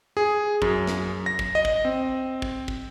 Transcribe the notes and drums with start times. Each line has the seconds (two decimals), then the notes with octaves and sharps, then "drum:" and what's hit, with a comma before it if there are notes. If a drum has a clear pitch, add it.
0.17 G#4
0.62 F#2, drum: kick
0.87 drum: snare
1.26 A#6
1.39 drum: kick
1.55 D#5
1.65 drum: kick
1.85 C4
2.42 drum: kick
2.68 drum: kick